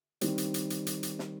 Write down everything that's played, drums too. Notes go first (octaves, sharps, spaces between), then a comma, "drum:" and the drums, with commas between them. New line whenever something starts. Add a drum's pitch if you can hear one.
D#3 G3 C4, drum: hi-hat
drum: hi-hat
drum: hi-hat
drum: hi-hat
drum: hi-hat
drum: hi-hat
drum: snare